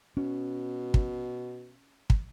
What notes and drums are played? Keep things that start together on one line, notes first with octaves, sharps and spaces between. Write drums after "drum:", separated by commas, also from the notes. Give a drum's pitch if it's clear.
B2 C#4
drum: kick
drum: kick